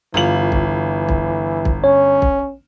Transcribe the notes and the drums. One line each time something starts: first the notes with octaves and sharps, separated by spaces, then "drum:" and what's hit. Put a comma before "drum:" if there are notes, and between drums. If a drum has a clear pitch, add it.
G1 E3 F4 F#7
drum: kick
drum: kick
drum: kick
C#4 C#5
drum: kick